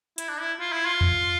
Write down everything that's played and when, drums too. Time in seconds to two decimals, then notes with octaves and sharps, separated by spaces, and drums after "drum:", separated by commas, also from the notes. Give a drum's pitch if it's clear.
0.18 E4, drum: hi-hat
0.29 D4
0.40 E4
0.60 F4
0.72 E4
0.86 F4
1.01 drum: tom E2